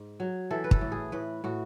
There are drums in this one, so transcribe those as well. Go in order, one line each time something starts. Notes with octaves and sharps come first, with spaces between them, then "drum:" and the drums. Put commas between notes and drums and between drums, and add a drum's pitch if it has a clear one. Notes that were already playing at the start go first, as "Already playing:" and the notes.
Already playing: G#2
F#3
E3 A4
B4
A4, drum: kick
A2
G#4
A2 B4
A2 F#4